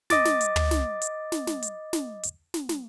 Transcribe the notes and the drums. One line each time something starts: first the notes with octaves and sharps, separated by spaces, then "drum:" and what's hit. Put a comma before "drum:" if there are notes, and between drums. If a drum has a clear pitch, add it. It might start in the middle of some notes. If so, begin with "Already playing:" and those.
D#5 D6 A6, drum: snare
drum: snare
drum: hi-hat
drum: tom
drum: snare
drum: hi-hat
drum: snare
drum: snare
drum: hi-hat
drum: snare
drum: hi-hat
drum: snare
drum: snare